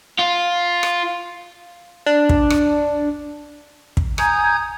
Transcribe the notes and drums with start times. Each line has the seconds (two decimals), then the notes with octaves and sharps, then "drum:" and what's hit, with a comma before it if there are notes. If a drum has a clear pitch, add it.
0.19 F4
0.83 drum: rim click
2.06 D4
2.29 drum: kick
2.50 drum: rim click
3.97 drum: kick
4.18 G#5 A#5 D#6 G6 G#6, drum: rim click